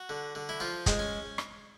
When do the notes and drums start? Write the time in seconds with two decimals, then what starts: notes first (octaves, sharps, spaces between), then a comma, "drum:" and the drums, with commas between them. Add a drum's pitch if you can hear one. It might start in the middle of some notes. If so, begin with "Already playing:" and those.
Already playing: F#4
0.09 D3
0.35 D3
0.49 E4
0.60 F3 F4
0.86 G#3, drum: kick, hi-hat
0.99 C#4
1.38 drum: rim click